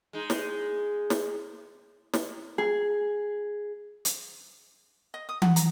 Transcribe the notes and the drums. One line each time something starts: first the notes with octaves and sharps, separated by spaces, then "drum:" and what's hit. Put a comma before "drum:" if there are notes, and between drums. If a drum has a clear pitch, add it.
G#3 D#4
drum: snare
drum: snare
drum: snare
G#4
drum: hi-hat
D#5
D#6
F#5, drum: tom E3
A#5, drum: hi-hat